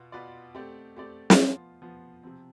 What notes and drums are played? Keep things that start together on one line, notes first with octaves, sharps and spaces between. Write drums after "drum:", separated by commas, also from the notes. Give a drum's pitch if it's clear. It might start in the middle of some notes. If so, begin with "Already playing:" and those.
Already playing: B2 B3 F4
B2 B3 F4 B4 D5
A3 C4 G4 D5
A3 C4 G4 D5
drum: snare
F3 B3 F4
F3 B3 F4
C3 F3 C4